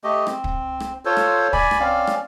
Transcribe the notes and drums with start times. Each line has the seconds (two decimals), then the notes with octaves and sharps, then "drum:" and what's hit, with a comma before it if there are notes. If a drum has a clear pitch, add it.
0.04 A3 G4 D#5
0.27 C4, drum: rim click
0.44 drum: kick
0.80 drum: rim click
1.05 F4 A4 C5 C#5
1.17 drum: rim click
1.53 D5 G#5 B5, drum: kick
1.71 drum: rim click
1.80 C4 C#4 D5 F5
2.07 drum: rim click